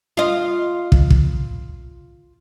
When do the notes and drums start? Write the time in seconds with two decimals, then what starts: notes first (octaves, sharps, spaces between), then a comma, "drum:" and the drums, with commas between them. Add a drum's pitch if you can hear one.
0.17 F4 D#5
0.92 drum: kick
1.10 drum: kick